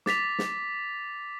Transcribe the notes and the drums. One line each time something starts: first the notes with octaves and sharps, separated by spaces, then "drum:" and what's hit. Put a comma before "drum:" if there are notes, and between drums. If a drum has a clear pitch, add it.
D6 A6 B6 F7, drum: snare
drum: snare